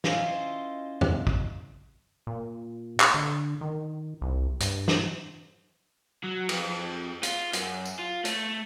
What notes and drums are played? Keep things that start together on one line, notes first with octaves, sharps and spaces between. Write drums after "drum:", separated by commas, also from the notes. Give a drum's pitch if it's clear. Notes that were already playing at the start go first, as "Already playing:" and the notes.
C#4 E4 F4 C5 D#5 G#5, drum: snare
drum: tom E2
drum: kick
A#2
drum: clap
D3
D#3
C2
G2, drum: hi-hat
drum: snare
F#3
F2, drum: cymbal
F4, drum: hi-hat
F#2, drum: hi-hat
drum: tambourine
F4
A3, drum: hi-hat